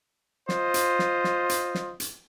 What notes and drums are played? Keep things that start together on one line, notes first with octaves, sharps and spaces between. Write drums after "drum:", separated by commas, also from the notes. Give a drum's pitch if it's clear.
F4 C5 D#5, drum: snare
drum: hi-hat
drum: snare
drum: snare
drum: hi-hat
drum: snare
drum: hi-hat